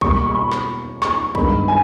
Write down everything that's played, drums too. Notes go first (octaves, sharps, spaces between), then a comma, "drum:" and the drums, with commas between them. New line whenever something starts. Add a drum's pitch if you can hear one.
B2 G3 A#3 C#6, drum: kick
C#6
B5
drum: snare
C#6, drum: snare
G2 D#3 G#3 B3 B5, drum: kick
G#5